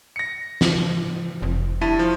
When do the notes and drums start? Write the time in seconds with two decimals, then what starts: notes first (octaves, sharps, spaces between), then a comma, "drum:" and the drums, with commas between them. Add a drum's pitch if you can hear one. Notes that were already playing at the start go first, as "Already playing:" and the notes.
0.16 A#6 C#7
0.61 drum: snare
1.42 F1
1.81 G2 E4 A5 D#7
1.99 F3